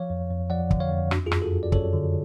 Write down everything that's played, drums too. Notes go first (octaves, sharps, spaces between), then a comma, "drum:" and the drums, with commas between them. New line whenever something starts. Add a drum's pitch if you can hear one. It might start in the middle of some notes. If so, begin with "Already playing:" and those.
Already playing: F3 C#5 F5
F2
F2
F3 D5 F#5
D3, drum: kick
C#5 F5
F2
F#2 D4 F#4, drum: rim click
F4 G#4
F#2, drum: rim click
F#4 A4
F#2
D5
F#2 A4 C#5, drum: kick
D3